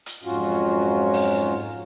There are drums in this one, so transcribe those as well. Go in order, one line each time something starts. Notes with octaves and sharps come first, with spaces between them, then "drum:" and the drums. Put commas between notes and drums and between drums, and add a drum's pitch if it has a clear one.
drum: hi-hat
F2 G#2 F#3 C#4 F4 F#4
drum: open hi-hat